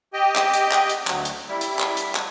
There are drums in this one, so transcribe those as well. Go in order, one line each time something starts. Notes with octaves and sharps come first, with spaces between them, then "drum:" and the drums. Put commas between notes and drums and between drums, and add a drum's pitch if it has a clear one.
G4 D#5 G5
drum: clap
drum: hi-hat
drum: clap
drum: hi-hat
D2 F#3, drum: clap
drum: hi-hat
G3 E4
drum: hi-hat
drum: clap
drum: hi-hat
drum: clap